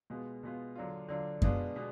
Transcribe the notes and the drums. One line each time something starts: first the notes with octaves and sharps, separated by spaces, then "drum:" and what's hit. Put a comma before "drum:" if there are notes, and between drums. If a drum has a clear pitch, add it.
B2 G#3 B3 F4
B2 G#3 B3 F4
D3 F#3 D4 F4
D3 F#3 D4 F4
B2 G#3 B3 D4 F4, drum: kick F#2
B2 G#3 B3